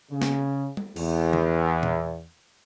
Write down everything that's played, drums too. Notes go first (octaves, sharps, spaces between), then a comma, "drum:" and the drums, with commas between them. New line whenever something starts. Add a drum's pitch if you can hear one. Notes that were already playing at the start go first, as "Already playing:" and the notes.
C#3
drum: snare
drum: tom
E2, drum: cymbal
drum: tom
drum: tom A#2